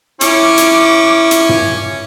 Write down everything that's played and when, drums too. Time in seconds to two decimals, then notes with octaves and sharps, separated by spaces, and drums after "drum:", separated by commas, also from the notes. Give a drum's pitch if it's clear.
0.21 C#4 E4 D6, drum: hi-hat
0.58 drum: hi-hat
1.31 drum: hi-hat
1.49 drum: tom